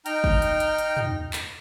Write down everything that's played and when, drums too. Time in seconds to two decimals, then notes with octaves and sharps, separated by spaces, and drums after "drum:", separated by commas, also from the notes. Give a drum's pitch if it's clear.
0.06 D#4 G5 A#5 F6, drum: hi-hat
0.24 drum: kick
0.42 drum: hi-hat
0.60 drum: hi-hat
0.78 drum: hi-hat
0.97 drum: tom
1.33 drum: clap